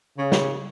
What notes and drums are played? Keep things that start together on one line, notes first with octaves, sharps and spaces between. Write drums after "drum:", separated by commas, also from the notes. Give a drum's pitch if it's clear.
C#3
drum: snare